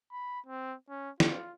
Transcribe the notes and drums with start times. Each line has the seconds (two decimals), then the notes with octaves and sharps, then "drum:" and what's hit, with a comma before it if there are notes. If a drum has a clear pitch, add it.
0.12 B5
0.46 C4
0.89 C#4
1.20 F4, drum: snare